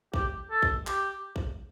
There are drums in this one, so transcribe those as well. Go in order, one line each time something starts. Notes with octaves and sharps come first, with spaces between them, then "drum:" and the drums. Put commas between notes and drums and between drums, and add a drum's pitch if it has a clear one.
G4, drum: kick
A4
drum: kick
G4, drum: clap
drum: kick